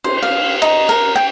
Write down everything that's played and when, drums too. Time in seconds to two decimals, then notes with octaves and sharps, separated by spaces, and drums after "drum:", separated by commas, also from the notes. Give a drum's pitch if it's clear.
0.04 C5, drum: cymbal
0.23 F5
0.62 D#4
0.89 A#4
1.16 G5